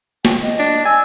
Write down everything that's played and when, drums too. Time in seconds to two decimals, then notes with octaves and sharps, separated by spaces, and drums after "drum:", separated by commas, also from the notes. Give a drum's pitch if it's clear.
0.25 G5, drum: snare
0.42 D#5
0.59 D4
0.85 G#5 E6